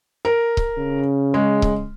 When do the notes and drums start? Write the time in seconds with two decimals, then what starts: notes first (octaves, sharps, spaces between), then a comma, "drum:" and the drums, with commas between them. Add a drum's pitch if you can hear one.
0.25 A#4
0.57 drum: kick C#1
0.78 C#3
1.34 G#3
1.62 drum: kick C#1